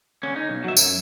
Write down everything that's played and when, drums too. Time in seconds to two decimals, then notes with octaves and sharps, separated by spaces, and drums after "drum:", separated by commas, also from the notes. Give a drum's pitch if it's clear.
0.23 D3 C#4
0.36 D#4
0.49 B1
0.64 F#3 E5
0.77 F#2, drum: tambourine